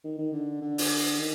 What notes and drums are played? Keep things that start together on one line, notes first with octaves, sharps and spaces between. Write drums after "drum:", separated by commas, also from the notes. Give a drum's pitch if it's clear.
D#3
D#3
D3
D3
drum: open hi-hat
D#3